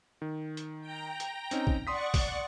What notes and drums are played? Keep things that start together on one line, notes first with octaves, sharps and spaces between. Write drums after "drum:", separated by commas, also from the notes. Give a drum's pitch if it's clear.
D#3
drum: hi-hat
G5 A#5
drum: hi-hat
C4 C#4 D#4, drum: hi-hat
drum: kick
D5 F#5 C6 C#6 D#6 B6
drum: kick, open hi-hat